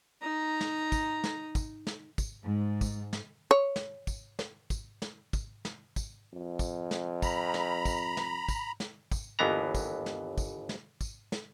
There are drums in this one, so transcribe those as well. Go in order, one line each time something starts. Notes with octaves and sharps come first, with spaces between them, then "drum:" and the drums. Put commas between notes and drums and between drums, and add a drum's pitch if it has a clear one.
D#4 A#5
drum: snare
drum: kick, tambourine
drum: snare
drum: kick, tambourine
drum: snare
drum: kick, tambourine
G#2
drum: kick, tambourine
drum: snare
C#5
drum: snare
drum: kick, tambourine
drum: snare
drum: kick, tambourine
drum: snare
drum: kick, tambourine
drum: snare
drum: kick, tambourine
F2
drum: kick, tambourine
drum: snare
A#5 B5, drum: kick, tambourine
drum: snare
drum: kick, tambourine
drum: snare
drum: kick, tambourine
drum: snare
drum: kick, tambourine
G1 D#2 E3 B3 A#5
drum: kick, tambourine
drum: snare
drum: kick, tambourine
drum: snare
drum: kick, tambourine
drum: snare